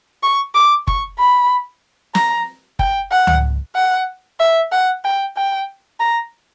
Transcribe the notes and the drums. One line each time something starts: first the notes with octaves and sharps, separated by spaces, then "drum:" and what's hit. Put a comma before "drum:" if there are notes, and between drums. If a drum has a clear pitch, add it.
C#6
D6
C#6, drum: kick
B5
A#5, drum: snare
G5, drum: kick
F#5
drum: tom C#2
F#5
E5
F#5
G5
G5
A#5